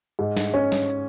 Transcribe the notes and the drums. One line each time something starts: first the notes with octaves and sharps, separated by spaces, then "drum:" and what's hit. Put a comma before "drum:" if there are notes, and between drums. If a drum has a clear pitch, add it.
G#2
drum: snare
C#4
drum: snare